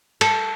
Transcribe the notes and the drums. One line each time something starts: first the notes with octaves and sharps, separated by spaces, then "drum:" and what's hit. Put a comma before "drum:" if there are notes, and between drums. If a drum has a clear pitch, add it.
A4, drum: cymbal